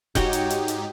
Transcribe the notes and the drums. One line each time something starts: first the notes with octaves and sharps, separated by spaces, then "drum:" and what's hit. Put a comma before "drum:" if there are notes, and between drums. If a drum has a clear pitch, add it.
G#2 D#4 F#4 G4 C#5 G5, drum: kick E1, hi-hat
drum: hi-hat
drum: hi-hat
drum: hi-hat